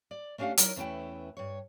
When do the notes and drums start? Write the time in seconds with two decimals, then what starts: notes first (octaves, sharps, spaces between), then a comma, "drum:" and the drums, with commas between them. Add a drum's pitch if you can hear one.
0.11 D5
0.38 A3 C#4 D4 G4 F5 F#5
0.58 F#3 D#4 E4 A#4 C#5 D5, drum: hi-hat
0.76 E2 A3 C#4 E4 B4 G5
1.37 G2 C#5